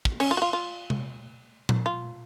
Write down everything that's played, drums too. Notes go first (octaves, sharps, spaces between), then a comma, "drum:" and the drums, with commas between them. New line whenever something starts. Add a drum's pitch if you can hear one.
drum: kick
C#4, drum: cymbal
F4
F#4
F4
F4
drum: tom C3
drum: tom A#2
F4